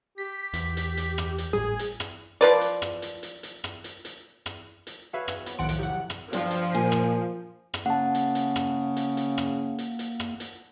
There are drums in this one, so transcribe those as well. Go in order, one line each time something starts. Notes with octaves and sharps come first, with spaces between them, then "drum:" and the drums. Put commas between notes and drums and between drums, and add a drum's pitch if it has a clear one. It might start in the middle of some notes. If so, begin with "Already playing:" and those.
G4 B6
E2, drum: hi-hat
drum: hi-hat
drum: hi-hat
drum: rim click
drum: hi-hat
G#1 A2 G3 G#4
drum: hi-hat
drum: rim click
F3 B4 D5, drum: hi-hat
drum: hi-hat
drum: rim click
drum: hi-hat
drum: hi-hat
drum: hi-hat
drum: rim click
drum: hi-hat
drum: hi-hat
drum: rim click
drum: hi-hat
F#4 G#4 B4 C#5 E5 F5
drum: rim click
B3, drum: hi-hat
B1 E2 A2 D#3 F3 F#5 D7
drum: hi-hat
F1 B1 C3 G4 F#5
drum: rim click
G2 F3, drum: hi-hat
drum: hi-hat
A#2 G#5
drum: rim click
drum: rim click
C#3 A#3 F#5 A5
drum: hi-hat
drum: hi-hat
drum: rim click
drum: hi-hat
drum: hi-hat
drum: rim click
drum: hi-hat
drum: hi-hat
drum: rim click
drum: hi-hat